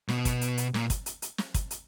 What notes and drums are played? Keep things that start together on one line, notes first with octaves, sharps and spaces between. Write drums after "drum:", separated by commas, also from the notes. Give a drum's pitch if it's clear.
B2, drum: snare
drum: kick, hi-hat
drum: hi-hat
drum: hi-hat
A#2, drum: snare
drum: kick, hi-hat
drum: hi-hat
drum: hi-hat
drum: snare
drum: kick, hi-hat
drum: hi-hat